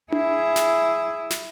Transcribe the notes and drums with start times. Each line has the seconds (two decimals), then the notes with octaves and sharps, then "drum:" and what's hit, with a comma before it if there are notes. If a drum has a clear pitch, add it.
0.12 E4 G#4, drum: tom D4
0.56 drum: snare
1.30 drum: snare